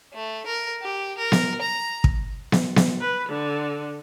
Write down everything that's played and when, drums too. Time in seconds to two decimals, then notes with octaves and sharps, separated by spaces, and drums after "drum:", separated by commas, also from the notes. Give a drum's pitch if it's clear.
0.14 A3
0.46 A#4
0.82 G4
1.18 A#4
1.32 drum: snare B3
1.62 A#5
2.04 drum: kick
2.52 drum: snare B3
2.76 drum: snare B3
3.00 B4
3.29 D3